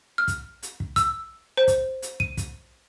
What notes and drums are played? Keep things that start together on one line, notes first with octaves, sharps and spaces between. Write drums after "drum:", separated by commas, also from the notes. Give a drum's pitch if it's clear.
F6
drum: kick, hi-hat
drum: hi-hat
drum: kick
E6, drum: kick, hi-hat
C5
drum: kick, hi-hat
drum: hi-hat
D#7, drum: kick
drum: kick, hi-hat